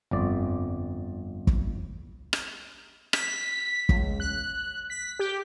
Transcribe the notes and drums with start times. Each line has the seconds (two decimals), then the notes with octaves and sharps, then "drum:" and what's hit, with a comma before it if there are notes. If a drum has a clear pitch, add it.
0.11 G1 F2 D5
1.47 drum: kick
2.33 drum: rim click
3.13 B6, drum: rim click
3.89 C#2, drum: kick
4.20 F#6
4.90 B6
5.19 G4